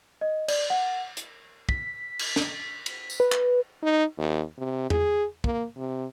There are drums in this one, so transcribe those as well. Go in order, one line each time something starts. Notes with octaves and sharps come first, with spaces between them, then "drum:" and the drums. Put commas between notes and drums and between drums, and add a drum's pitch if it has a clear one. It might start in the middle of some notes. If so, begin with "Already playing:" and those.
D#5
D5, drum: cymbal
F#5
drum: hi-hat
B6, drum: kick
drum: cymbal
drum: snare
drum: cymbal
drum: tambourine
B4
drum: clap
D#4
D#2
C3
G#4, drum: tom E2
A#3, drum: kick
C3